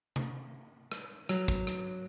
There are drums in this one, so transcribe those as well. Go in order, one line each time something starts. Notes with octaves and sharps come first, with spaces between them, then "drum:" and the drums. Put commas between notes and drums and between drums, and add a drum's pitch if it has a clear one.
drum: tom C3
drum: rim click
F#3, drum: rim click
drum: kick
drum: rim click